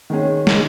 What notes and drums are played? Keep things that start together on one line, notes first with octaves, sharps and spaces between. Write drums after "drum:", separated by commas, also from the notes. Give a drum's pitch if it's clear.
D#3 G#3 C#4
C#3 G#3 D#4, drum: snare